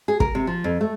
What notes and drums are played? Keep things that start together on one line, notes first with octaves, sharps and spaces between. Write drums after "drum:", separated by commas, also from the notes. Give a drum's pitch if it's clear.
G#4
A#4, drum: kick
C3
F3
F2
A3